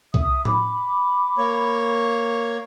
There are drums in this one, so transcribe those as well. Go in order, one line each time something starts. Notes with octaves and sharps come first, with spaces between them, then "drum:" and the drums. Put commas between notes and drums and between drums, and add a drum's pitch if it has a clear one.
E5 D#6, drum: kick
B5 D6, drum: tom A2
A#3 C#5